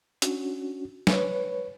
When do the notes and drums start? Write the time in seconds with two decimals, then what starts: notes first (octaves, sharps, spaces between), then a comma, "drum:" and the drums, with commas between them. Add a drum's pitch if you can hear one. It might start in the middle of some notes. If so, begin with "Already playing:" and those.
0.22 C#4 D4 F#4, drum: hi-hat
1.07 B4 C#5, drum: snare